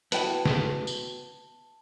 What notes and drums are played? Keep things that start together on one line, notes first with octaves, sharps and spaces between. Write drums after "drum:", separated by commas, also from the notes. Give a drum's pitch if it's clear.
B3 E4 F#4 B4 G5 A5, drum: hi-hat
drum: snare
drum: tambourine